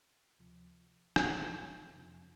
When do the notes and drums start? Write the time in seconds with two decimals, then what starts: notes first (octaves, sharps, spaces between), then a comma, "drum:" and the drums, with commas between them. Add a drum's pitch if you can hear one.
0.39 D2 C3 F3
1.16 D2 C3 F3, drum: rim click
1.94 F2 C3 F3